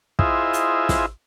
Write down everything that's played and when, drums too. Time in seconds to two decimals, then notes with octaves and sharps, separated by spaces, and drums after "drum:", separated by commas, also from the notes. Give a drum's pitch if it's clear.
0.19 E4 F4 G#4 C5 D#5 E5, drum: kick
0.53 drum: hi-hat
0.89 drum: snare